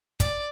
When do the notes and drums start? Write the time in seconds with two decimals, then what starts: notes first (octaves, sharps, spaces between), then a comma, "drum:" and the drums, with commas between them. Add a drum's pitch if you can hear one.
0.20 D5, drum: kick, hi-hat